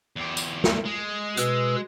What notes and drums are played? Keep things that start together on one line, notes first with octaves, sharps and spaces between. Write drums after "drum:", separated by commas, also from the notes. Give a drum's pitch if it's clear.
E2 G4
drum: tambourine
drum: snare
G#3
B2 B4 E6, drum: hi-hat